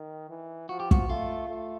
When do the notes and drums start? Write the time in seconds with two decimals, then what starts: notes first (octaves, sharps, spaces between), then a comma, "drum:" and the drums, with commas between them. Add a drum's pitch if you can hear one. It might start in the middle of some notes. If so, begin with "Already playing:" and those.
Already playing: D#3
0.30 E3
0.69 F3 F#4
0.80 G4
0.91 F#4, drum: kick
1.09 A3 F4
1.49 A3